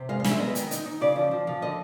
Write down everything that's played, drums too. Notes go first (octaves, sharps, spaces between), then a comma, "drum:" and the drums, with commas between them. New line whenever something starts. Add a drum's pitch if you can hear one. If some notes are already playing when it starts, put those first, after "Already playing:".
Already playing: C3
G#3 F5
F5
G#3, drum: snare
E5
B3 D#5
D#3, drum: hi-hat
D#4, drum: hi-hat
D#4
C#3 D5
F3
F3
F3
D3 D#5